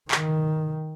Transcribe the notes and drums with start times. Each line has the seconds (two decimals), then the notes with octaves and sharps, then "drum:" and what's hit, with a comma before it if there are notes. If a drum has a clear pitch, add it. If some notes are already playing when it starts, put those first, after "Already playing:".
0.11 D#3, drum: clap